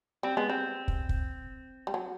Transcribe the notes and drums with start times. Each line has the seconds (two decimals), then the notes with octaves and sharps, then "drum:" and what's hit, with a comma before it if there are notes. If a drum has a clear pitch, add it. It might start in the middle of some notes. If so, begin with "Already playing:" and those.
0.23 G3 C4
0.37 G#3 B3
0.49 G3 C4
0.88 drum: kick
1.09 drum: kick
1.87 G3
1.94 F#3